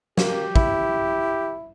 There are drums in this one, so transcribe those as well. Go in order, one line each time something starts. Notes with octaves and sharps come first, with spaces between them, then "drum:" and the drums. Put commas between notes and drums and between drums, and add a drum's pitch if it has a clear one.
A#3 G4, drum: snare
E4, drum: kick